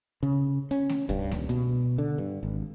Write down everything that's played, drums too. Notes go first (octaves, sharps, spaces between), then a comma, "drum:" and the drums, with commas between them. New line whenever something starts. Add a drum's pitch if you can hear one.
C#3
C#4, drum: hi-hat
drum: snare A3
G2, drum: kick C#2, hi-hat
D#1, drum: snare A3
B2, drum: hi-hat
D3
G2
G#1